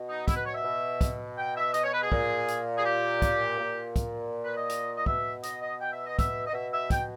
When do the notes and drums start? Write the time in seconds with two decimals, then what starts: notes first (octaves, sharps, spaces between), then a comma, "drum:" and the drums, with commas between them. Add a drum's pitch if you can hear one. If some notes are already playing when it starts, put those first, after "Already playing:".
Already playing: B2
0.09 D#4
0.28 E4, drum: kick, hi-hat
0.36 B4
0.46 C#5
0.55 E5
0.64 B2
1.01 drum: kick, hi-hat
1.38 G5
1.56 E5
1.74 D#5, drum: hi-hat
1.84 C#5
1.94 B4
2.03 G#4
2.12 A#2, drum: kick
2.48 drum: hi-hat
2.78 G#4
2.85 G4
3.22 drum: kick, hi-hat
3.59 A#2
3.96 drum: kick, hi-hat
4.45 B4
4.57 D#5
4.69 drum: hi-hat
4.97 D#5
5.06 B2 E5, drum: kick
5.43 D#5, drum: hi-hat
5.61 D#5
5.81 G5
5.93 E5
6.06 D#5
6.19 E5, drum: kick, hi-hat
6.47 D#5
6.53 B2 E5
6.73 E5
6.90 G5, drum: kick, hi-hat